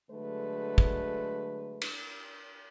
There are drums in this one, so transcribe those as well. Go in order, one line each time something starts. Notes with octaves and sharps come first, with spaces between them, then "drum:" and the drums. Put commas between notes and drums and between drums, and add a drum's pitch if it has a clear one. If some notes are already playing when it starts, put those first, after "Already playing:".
D3 F#3 G#3 A3 B4
drum: kick
drum: cymbal